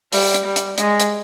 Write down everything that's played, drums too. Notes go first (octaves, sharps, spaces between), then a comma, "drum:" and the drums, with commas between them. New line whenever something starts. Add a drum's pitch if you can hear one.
G3, drum: open hi-hat
drum: hi-hat
G3
drum: hi-hat
G#3, drum: hi-hat
drum: hi-hat